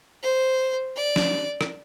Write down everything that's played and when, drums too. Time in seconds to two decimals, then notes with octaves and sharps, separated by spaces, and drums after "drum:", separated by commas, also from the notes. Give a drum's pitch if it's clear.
0.23 C5
0.96 D5
1.16 drum: snare
1.61 drum: rim click